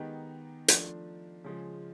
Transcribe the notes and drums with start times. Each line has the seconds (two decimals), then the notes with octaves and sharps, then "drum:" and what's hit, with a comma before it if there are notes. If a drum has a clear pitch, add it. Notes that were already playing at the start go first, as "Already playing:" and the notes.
Already playing: D#3 G#3 B3 D#4 G4
0.68 F3 A3 D4, drum: hi-hat
1.44 C#3 F3 G#3